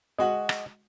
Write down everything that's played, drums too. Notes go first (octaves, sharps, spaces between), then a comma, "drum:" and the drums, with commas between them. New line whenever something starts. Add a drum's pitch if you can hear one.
G#3 F#4 D#5 F#5
drum: rim click